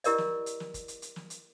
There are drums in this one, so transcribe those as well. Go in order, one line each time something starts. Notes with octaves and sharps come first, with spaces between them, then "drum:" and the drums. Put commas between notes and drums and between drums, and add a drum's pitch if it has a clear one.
E4 G4 A#4 D5 D#5, drum: hi-hat
drum: snare
drum: hi-hat
drum: snare
drum: kick G1, hi-hat
drum: hi-hat
drum: hi-hat
drum: snare
drum: hi-hat